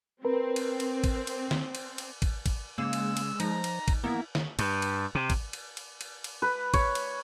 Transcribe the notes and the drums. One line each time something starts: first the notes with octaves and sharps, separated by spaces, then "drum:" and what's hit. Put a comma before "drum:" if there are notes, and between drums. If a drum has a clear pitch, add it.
C4 A#4 B4
drum: cymbal
drum: cymbal
drum: kick, cymbal
drum: cymbal
drum: snare
drum: cymbal
drum: cymbal
drum: kick, cymbal
drum: kick, cymbal
C#3 G#3 A#3 E6
drum: cymbal
drum: cymbal
F3 D#4 A#5, drum: cymbal
drum: cymbal
drum: kick, cymbal
E3 A#3 B3 E4 E5
drum: snare
G2, drum: cymbal
drum: cymbal
C3
drum: kick, cymbal
drum: cymbal
drum: cymbal
drum: cymbal
drum: cymbal
B4
C#5, drum: kick, cymbal
drum: cymbal